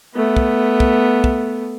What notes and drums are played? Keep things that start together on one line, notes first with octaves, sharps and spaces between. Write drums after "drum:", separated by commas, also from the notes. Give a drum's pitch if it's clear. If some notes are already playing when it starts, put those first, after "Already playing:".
A3 B3
drum: kick
drum: kick
drum: kick